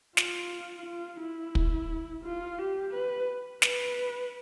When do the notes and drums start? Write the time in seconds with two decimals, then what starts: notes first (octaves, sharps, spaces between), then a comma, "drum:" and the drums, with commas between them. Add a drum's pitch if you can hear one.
0.17 F4, drum: snare
0.86 F4
1.21 E4
1.55 drum: kick
2.24 F4
2.59 G4
2.93 B4
3.62 B4, drum: snare